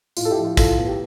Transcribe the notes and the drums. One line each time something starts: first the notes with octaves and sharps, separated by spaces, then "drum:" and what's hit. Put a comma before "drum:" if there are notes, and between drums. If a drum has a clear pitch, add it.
A2 F4, drum: tambourine
A4
E4 G4
F3
F4
A2 F4 A4, drum: kick, tambourine
B3
G4